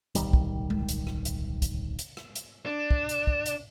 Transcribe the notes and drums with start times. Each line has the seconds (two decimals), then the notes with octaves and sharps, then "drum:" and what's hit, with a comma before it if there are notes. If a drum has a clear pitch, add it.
0.15 D1 B1 D#3 G3, drum: hi-hat
0.33 drum: kick
0.70 drum: tom G#3
0.89 drum: hi-hat
1.07 drum: rim click
1.25 drum: hi-hat
1.62 drum: kick, hi-hat
1.99 drum: hi-hat
2.17 drum: rim click
2.35 drum: hi-hat
2.66 D4
2.91 drum: kick
3.09 drum: hi-hat
3.27 drum: kick
3.46 drum: hi-hat